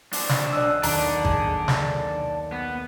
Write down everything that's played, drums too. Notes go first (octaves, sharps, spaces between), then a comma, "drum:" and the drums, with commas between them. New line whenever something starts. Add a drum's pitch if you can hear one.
D4 C5, drum: open hi-hat
drum: snare
B1 D5 D#5 E6 F#6
D#2 D4 A4 D5 A#5, drum: open hi-hat
G#4, drum: kick G#1
drum: snare
B3